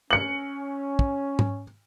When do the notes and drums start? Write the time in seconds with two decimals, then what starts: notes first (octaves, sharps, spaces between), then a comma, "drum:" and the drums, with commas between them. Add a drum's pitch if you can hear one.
0.11 C#4 C#7 F#7
0.99 drum: kick
1.39 drum: tom G#2